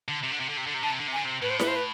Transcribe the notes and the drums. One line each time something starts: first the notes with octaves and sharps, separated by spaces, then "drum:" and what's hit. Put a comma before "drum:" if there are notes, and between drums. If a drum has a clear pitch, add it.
D3
C3
D3
C3
D3
C3
D3
C3
D3 A5
C3
D3
C3
D3 G#5
C3
A2 B4
C5
B4, drum: snare E4
C5
B4